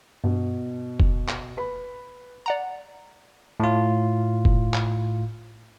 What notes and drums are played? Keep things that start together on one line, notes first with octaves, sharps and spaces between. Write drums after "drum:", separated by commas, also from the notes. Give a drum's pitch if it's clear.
G2 B2
drum: kick F1
drum: clap
B4 B5
D5 F#5 A#5
A2 F4
drum: kick F1
drum: clap